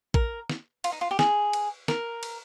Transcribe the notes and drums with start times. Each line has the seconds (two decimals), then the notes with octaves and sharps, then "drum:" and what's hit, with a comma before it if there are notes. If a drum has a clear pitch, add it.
0.14 A#4, drum: kick A#1
0.50 drum: snare
0.84 F4, drum: cymbal
0.92 D#4
1.01 F4
1.11 G4
1.19 G#4, drum: snare
1.53 drum: cymbal
1.88 A#4, drum: snare
2.23 drum: cymbal